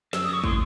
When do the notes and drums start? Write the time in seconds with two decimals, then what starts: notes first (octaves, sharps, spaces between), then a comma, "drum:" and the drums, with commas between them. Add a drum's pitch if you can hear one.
0.13 F#2 E6, drum: snare
0.24 D#6
0.29 F#2
0.33 C#6
0.44 A2 C6, drum: kick